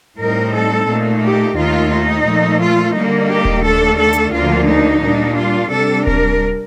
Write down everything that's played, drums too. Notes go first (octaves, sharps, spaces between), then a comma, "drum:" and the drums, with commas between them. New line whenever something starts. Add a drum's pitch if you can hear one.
A2 G3 C4 D#4 A#4
A4
A#2 A3 D#4
G4
D#2 D#3 A3 D#4 F4
D#4
A#2 F3 A3
F4
D3 G3 A#3 D#4
G4
drum: kick D#1
D#2 D3 A3 D4 A4
A4
drum: hi-hat
D2 D3 F3 A#3 D4 F4
D#4
A#2 G3 D4
F4
C3 G3 D4 A4
A#4, drum: kick D#1